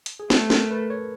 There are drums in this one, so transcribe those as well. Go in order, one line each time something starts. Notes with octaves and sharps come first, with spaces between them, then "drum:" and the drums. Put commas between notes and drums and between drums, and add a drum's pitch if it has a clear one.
drum: hi-hat
G#4
A3 A4, drum: snare
A#4, drum: snare
B4
C#5